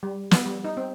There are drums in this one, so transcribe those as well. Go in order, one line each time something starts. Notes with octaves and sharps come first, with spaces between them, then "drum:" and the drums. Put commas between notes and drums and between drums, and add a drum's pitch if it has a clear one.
G3
B3, drum: snare
G3
D#4
C4